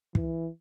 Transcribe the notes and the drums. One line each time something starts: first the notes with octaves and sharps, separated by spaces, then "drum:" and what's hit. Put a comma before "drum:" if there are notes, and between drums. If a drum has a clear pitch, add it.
E3, drum: kick